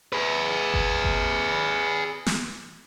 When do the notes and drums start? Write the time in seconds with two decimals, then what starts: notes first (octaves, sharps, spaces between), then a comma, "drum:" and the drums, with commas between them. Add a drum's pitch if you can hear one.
0.13 G#4 B4
0.74 drum: kick G1
1.04 drum: kick G1
2.26 drum: snare